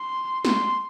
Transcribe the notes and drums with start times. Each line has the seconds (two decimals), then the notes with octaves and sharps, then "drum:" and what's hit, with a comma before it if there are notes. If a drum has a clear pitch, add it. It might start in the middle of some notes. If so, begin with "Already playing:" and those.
Already playing: C6
0.45 C6, drum: snare